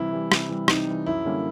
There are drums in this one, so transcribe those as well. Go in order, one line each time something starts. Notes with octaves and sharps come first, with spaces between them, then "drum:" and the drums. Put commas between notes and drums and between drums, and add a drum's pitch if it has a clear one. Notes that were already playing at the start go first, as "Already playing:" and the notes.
Already playing: C3 E3 G3 E4
E3 G3
C3, drum: rim click
E3 G3
C3 D#4, drum: rim click
E3 G3
F#2 E4
D3 G3 A#3 C#4